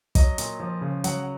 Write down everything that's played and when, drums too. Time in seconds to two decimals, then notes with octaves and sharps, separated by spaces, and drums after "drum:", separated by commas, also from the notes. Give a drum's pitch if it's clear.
0.15 F#3 D#5, drum: kick, hi-hat
0.38 A#2, drum: hi-hat
0.60 F3
0.81 C#3
1.04 F#3 F#5, drum: hi-hat